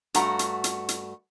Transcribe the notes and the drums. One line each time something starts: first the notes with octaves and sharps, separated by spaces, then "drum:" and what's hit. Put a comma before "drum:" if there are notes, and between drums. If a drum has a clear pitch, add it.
G2 A3 F#4 A#5, drum: hi-hat
drum: hi-hat
drum: hi-hat
drum: hi-hat